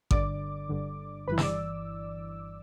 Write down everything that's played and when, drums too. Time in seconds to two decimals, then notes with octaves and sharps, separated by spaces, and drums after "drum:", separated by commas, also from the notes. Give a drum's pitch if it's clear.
0.11 G1 G2 D3 D5 D6, drum: kick G#1
0.69 G1 G2 D3
1.28 G1 G2 E3 B4 B5
1.38 E6, drum: snare
1.42 D5 D6